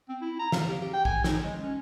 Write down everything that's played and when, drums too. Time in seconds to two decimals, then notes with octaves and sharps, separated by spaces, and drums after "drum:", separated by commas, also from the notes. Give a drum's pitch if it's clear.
0.09 C4
0.21 E4
0.39 A#5
0.52 F5, drum: snare
0.68 G4
0.81 G4
0.93 G5
1.05 G#5, drum: kick
1.24 D#4, drum: snare
1.43 G#3
1.62 C#4